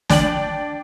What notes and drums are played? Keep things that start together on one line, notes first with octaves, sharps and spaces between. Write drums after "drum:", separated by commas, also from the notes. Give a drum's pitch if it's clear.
D4 D5 G5 F#7, drum: snare